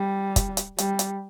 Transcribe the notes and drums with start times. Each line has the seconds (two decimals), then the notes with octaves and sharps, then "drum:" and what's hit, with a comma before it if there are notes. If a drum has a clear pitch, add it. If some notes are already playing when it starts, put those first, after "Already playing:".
Already playing: G3
0.36 drum: kick, hi-hat
0.57 drum: hi-hat
0.78 G3, drum: hi-hat
0.99 drum: hi-hat